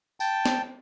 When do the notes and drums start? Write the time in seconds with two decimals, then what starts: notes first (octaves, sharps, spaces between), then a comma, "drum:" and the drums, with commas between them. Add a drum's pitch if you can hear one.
0.20 G5 A5, drum: tambourine
0.46 drum: snare